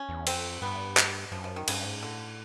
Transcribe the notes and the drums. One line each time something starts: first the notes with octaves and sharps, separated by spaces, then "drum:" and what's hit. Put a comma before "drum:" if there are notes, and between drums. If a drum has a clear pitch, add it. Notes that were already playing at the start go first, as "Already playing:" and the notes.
Already playing: C#4
E2
F2 C4, drum: cymbal
G2 B3
drum: clap
F#2 F3
F3
D#3
G2 C#3, drum: cymbal
G#2
A2 D3